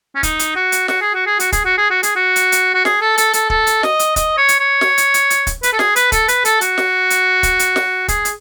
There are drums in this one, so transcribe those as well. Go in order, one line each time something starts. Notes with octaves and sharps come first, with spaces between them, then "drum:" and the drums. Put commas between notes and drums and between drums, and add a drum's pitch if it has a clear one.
C#4
D#4, drum: kick, hi-hat
drum: hi-hat
F#4
drum: hi-hat
F#4, drum: snare
G#4
F#4
G#4
F#4, drum: hi-hat
G#4, drum: kick, hi-hat
F#4
G#4
F#4
G#4, drum: hi-hat
F#4
drum: hi-hat
drum: hi-hat
F#4
G#4, drum: snare
A4
A4, drum: hi-hat
A4, drum: hi-hat
A4, drum: kick
drum: hi-hat
D#5, drum: snare
drum: hi-hat
D#5, drum: kick, hi-hat
C#5
drum: hi-hat
C#5
drum: snare
drum: hi-hat
drum: hi-hat
drum: hi-hat
drum: kick, hi-hat
B4, drum: hi-hat
A4
G#4, drum: snare
B4, drum: hi-hat
A4, drum: kick, hi-hat
B4, drum: hi-hat
A4, drum: hi-hat
F#4, drum: hi-hat
drum: snare
drum: hi-hat
drum: kick, hi-hat
drum: hi-hat
drum: snare
G#4, drum: kick, hi-hat
drum: hi-hat